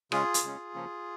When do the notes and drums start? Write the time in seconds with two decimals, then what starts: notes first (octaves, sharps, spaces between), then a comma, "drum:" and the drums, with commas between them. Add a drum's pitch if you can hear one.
0.12 C#3 G#3 C#4 F4 G#4, drum: rim click
0.34 drum: hi-hat
0.43 C#3 G#3 C#4
0.74 C#3 F3 A#3 C#4